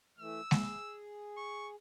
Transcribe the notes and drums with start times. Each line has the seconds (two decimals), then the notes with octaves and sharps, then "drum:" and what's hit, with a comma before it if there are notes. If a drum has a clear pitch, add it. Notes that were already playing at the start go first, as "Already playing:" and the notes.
0.18 E3 A3 E6
0.51 G#4, drum: snare G#3
1.37 C#6